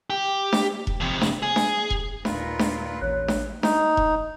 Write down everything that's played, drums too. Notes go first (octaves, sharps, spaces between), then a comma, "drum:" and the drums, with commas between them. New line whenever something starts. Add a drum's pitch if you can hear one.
G4
drum: snare D4
drum: kick E1
F2 C3
drum: snare D4
G#4
drum: snare D4
drum: kick E1
D#2 A#2 F4 B4, drum: snare D4
drum: snare D4
A1 C#5 F#6
drum: snare D4
D#4, drum: snare D4
drum: kick E1